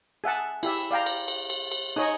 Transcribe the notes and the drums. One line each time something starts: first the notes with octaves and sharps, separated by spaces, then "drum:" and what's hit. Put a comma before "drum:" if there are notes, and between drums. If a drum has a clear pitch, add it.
G#4 E5 F#5 A5
E4 G4 E5, drum: cymbal
D5 F5 G5 A#5
drum: cymbal
drum: cymbal
drum: cymbal
drum: cymbal
D#4 G#4 C#5 D#5